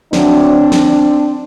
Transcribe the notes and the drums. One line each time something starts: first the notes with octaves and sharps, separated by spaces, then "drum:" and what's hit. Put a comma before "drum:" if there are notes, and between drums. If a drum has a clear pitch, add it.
D2 D3 F#3 C4 D4, drum: snare
drum: snare